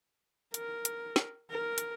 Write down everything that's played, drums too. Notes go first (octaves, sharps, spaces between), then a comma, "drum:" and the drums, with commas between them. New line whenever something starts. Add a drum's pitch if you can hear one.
A#4, drum: hi-hat
drum: hi-hat
drum: snare
A#4
drum: hi-hat